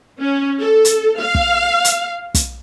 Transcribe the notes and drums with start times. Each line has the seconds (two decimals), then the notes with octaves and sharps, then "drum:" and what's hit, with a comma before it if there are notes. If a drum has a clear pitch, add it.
0.20 C#4
0.60 A4
0.85 drum: hi-hat
1.21 F5
1.35 drum: kick
1.85 drum: hi-hat
2.35 drum: kick, hi-hat